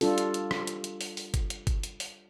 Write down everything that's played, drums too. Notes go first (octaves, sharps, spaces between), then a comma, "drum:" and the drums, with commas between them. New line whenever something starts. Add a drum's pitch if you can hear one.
G3 D4 F4 A4, drum: open hi-hat
drum: hi-hat
drum: hi-hat
drum: rim click
drum: hi-hat
drum: hi-hat
drum: open hi-hat
drum: open hi-hat
drum: kick G1, hi-hat
drum: hi-hat
drum: kick G1, hi-hat
drum: hi-hat
drum: open hi-hat